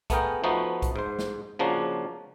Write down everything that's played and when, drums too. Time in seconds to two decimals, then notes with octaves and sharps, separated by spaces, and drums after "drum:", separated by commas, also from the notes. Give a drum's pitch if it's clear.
0.10 A3 B3 G#4 A#4 G5, drum: kick, hi-hat
0.44 F3 A3 B3 D#4 F#4
0.82 drum: kick, hi-hat
0.96 G#2 C5
1.19 drum: snare
1.59 C#3 F3 A#3 D4 F#4